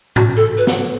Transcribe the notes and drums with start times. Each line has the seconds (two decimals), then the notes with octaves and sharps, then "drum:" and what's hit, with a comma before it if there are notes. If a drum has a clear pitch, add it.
0.16 F#4, drum: tom G#2
0.37 A4
0.58 B4
0.67 drum: snare